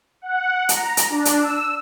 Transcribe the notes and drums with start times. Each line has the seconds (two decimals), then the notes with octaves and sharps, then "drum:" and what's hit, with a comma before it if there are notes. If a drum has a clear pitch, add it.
0.22 F#5
0.69 A#5, drum: hi-hat
0.97 drum: hi-hat
1.09 D4
1.25 drum: hi-hat
1.40 E6